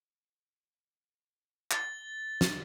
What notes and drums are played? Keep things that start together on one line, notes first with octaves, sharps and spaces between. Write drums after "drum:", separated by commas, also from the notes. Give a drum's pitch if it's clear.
A6 G7, drum: clap
drum: snare